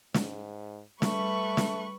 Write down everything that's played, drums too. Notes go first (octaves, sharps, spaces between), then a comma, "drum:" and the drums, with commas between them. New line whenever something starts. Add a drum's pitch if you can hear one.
G#2, drum: snare
G3 A3 B4 C#6, drum: snare
drum: snare